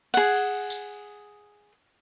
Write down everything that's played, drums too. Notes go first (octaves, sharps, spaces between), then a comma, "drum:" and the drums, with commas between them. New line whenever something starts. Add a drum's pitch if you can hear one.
G#4 F#5, drum: cymbal
drum: open hi-hat
drum: tambourine